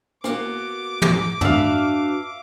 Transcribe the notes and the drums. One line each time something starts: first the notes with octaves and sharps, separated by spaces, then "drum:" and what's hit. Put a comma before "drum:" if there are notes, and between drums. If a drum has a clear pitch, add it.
A#3 B3 F#4 D6, drum: rim click
drum: tom
D4 F#4 B4 E5 F5, drum: tom